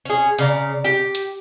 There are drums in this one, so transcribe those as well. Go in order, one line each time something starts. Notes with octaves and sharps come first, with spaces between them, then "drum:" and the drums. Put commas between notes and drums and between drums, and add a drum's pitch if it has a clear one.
C#4 G#4
C#3 D5 A#5, drum: hi-hat
G4
drum: hi-hat